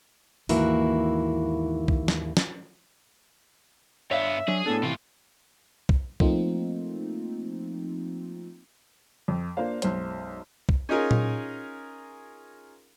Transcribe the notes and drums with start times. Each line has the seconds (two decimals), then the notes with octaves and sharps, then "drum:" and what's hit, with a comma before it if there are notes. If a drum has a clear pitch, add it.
0.49 D#2 G#2 E3 A#3 E4 F#4, drum: open hi-hat
1.88 drum: kick
2.08 drum: snare
2.37 drum: snare
4.11 G2 B3 C#5 E5 F5
4.48 F#3 D4 G#4
4.66 A2 B3 D4 A4
4.83 A2 C3 E3 F4
5.89 drum: kick
6.20 F3 A3 A#3 C4 D#4 F4, drum: kick
9.28 F2
9.57 A#3 D4 F4 C5 F5
9.82 B1 F#2 G#3 C5, drum: hi-hat
10.69 drum: kick
10.89 C#4 D#4 F4 G#4 A#4
11.11 drum: tom A#2